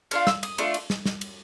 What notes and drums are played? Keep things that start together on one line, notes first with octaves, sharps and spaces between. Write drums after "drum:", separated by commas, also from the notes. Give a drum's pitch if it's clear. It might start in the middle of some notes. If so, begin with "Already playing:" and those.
A3 D4 F4 F6, drum: cymbal
E6, drum: snare
D#6, drum: cymbal
A3 D4 F4, drum: cymbal
drum: cymbal
drum: snare
drum: snare
drum: cymbal